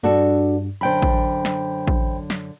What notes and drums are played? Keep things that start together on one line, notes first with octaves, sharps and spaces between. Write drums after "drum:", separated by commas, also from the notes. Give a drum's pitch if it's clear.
G2 D4 F#4 A4
F#2 D3 C5 G5 B5
drum: kick A1
drum: snare
drum: kick A1
drum: snare